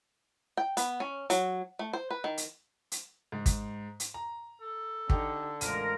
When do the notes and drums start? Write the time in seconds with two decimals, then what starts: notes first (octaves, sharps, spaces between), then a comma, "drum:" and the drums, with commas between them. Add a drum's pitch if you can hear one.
0.57 G5
0.77 B3, drum: hi-hat
1.00 C#4
1.30 F#3, drum: hi-hat
1.79 A3
1.93 C5
2.10 B4
2.24 D#3
2.38 drum: hi-hat
2.92 drum: hi-hat
3.32 G#2
3.46 drum: kick, hi-hat
4.00 drum: hi-hat
4.14 A#5
4.61 A4
5.10 D3 D#4 G4, drum: kick
5.61 A1 F3 G#3 A#4 D#7, drum: hi-hat